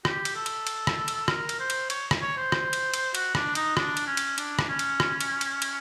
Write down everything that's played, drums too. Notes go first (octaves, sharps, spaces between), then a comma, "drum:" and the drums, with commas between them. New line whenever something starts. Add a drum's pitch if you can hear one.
G4, drum: rim click
drum: cymbal
A4
drum: cymbal
drum: cymbal
drum: rim click
drum: cymbal
A#4, drum: rim click
drum: cymbal
C5
drum: cymbal
C#5, drum: cymbal
drum: rim click
C#5
C5
drum: rim click
drum: cymbal
drum: cymbal
F#4, drum: cymbal
D4, drum: rim click
D#4, drum: cymbal
D4, drum: rim click
drum: cymbal
C#4
drum: cymbal
D4, drum: cymbal
drum: rim click
C#4
drum: cymbal
drum: rim click
drum: cymbal
drum: cymbal
drum: cymbal